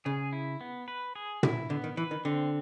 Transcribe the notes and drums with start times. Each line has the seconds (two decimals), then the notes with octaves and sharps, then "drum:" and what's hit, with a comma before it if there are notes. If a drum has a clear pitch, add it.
0.05 C#3 G#4
0.33 E4
0.61 B3
0.88 B4
1.15 G#4
1.43 E4, drum: tom
1.70 D3 B3
1.84 D#3
1.97 E3 B4
2.11 D#3
2.25 D3 C4